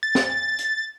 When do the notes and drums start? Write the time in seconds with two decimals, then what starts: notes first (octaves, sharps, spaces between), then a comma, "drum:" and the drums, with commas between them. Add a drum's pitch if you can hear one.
0.03 A6
0.15 drum: snare
0.59 drum: hi-hat